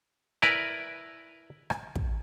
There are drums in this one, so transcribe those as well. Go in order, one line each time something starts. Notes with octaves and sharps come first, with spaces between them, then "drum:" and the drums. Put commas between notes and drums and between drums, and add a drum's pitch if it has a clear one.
E4 A#4 B4 D5, drum: rim click
drum: rim click
drum: kick